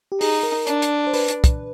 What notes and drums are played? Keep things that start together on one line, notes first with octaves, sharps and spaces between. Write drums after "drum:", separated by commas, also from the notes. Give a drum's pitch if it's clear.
G4
D#4 G#4, drum: open hi-hat
A#4
D4, drum: hi-hat
drum: hi-hat
C5
B4, drum: open hi-hat
drum: hi-hat
drum: kick, hi-hat